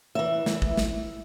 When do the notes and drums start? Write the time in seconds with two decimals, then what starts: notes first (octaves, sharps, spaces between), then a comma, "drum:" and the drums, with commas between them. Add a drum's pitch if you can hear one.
0.15 E2 E3 E5
0.46 E2 E3, drum: snare
0.62 drum: kick
0.77 drum: snare